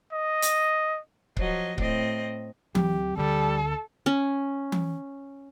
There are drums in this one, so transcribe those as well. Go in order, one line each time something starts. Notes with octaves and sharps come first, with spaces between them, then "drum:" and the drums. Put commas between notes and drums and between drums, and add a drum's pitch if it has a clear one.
D#5
drum: hi-hat
F3 F#3 D#5, drum: kick C#1
A2 C4 D#5, drum: kick C#1
D2 F#3 C4 G4, drum: tom E3
D2 D3 G3 A4
C#4
drum: tom E3